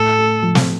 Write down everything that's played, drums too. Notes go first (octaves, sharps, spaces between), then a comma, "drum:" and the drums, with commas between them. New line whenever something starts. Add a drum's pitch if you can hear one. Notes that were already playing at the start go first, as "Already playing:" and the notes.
Already playing: A2 A4
A3
F3
drum: snare